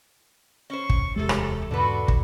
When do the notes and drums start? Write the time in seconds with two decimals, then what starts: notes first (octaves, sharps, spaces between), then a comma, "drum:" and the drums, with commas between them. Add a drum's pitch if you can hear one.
0.70 C#4 C5 C#6
0.90 drum: kick
1.16 D1 E2 C3 G#3 A4
1.29 drum: rim click
1.71 E2 G#2 B2 D3 D4 F#4 A4 B4
2.08 drum: kick